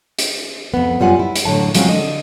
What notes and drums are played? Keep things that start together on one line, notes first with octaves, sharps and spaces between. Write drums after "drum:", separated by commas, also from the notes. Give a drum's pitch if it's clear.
drum: hi-hat
F2 B3
F#2 G3 F4 F#5 G#5
E4
drum: hi-hat
A2 D3 F#3 A5
F3 F#3 G#3 C4 C#4, drum: hi-hat
D3 D#5